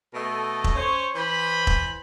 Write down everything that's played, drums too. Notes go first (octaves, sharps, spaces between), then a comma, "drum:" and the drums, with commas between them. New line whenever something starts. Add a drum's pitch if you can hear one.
B2 A3 A4 D#5
drum: kick E1
C#4 C5 C#5
E3 C5 B5
drum: kick E1